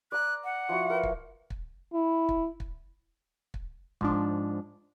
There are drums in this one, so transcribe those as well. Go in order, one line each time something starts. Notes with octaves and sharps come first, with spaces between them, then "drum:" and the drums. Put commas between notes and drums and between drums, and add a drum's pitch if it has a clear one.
D5 A#5 F#6
F#5
F3 E4 F#4
A#4 B4
drum: kick
drum: kick
E4
drum: kick
drum: kick
drum: kick
G#2 F3 D4, drum: kick